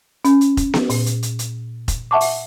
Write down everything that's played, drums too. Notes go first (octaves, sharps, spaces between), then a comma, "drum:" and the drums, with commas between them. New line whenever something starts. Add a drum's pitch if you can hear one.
C#4, drum: hi-hat
drum: hi-hat
drum: kick F1, hi-hat
drum: snare B3
A#2, drum: open hi-hat
drum: hi-hat
drum: hi-hat
drum: hi-hat
drum: kick F1, hi-hat
E5 F#5 A5 C#6 D6
drum: open hi-hat